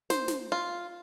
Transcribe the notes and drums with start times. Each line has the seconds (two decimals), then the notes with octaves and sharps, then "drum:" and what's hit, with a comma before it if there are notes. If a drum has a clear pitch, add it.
0.10 C5, drum: snare
0.28 drum: snare
0.52 F4